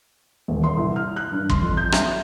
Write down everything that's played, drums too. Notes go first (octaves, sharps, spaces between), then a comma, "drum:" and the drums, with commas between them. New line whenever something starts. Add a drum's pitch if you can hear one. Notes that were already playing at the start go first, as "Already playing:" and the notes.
D#1
C6
C2
F6
F#6
G2
C6, drum: kick
F2
G6
E5, drum: rim click